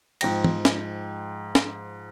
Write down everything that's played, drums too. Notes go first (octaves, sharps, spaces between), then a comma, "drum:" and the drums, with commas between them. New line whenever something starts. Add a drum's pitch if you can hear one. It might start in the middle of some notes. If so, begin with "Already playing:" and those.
G#2 F3 G5 A#6, drum: cymbal
drum: tom
drum: snare
drum: snare